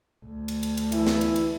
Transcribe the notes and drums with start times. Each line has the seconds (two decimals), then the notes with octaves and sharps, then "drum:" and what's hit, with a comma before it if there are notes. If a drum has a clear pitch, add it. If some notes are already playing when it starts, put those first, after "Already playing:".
0.25 D2
0.48 drum: cymbal
0.63 drum: cymbal
0.77 drum: cymbal
0.92 E3 E4, drum: cymbal
1.07 drum: snare
1.21 drum: cymbal
1.36 drum: cymbal